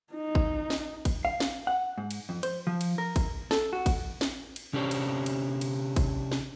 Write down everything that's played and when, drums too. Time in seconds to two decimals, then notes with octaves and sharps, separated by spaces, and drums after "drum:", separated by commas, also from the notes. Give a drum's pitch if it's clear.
0.13 D#4
0.35 drum: kick G#1
0.70 drum: snare
1.05 drum: kick G#1, cymbal
1.25 F5
1.40 drum: snare
1.67 F#5
1.98 G#2
2.11 drum: cymbal
2.29 F2
2.43 C5, drum: cymbal
2.67 F3
2.81 drum: cymbal
2.98 A#4
3.16 drum: kick G#1, cymbal
3.51 A4, drum: snare
3.73 F#4
3.86 drum: kick G#1, cymbal
4.21 drum: snare
4.56 drum: cymbal
4.73 C3 C#4 D4 G4 C5 C#5
4.91 drum: cymbal
5.26 drum: cymbal
5.61 drum: cymbal
5.96 drum: kick G#1, cymbal
6.32 drum: snare